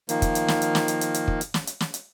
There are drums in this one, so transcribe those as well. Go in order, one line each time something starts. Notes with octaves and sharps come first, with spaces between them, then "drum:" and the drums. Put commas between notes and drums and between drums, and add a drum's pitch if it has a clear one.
D#3 F3 A#3, drum: hi-hat
drum: kick, hi-hat
drum: hi-hat
drum: snare
drum: hi-hat
drum: snare
drum: hi-hat
drum: hi-hat
drum: hi-hat
drum: kick
drum: hi-hat
drum: snare
drum: hi-hat
drum: snare
drum: hi-hat